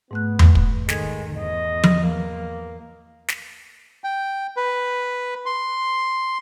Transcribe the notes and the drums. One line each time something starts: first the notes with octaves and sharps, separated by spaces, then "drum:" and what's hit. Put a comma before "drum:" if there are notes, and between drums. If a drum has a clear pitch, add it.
G#2 A3 B3 F#6
drum: tom E2
drum: kick
D#3 G#3 A4 G#6, drum: snare
E2 D#5
drum: tom F3
A#3
drum: snare
G5
B4
C6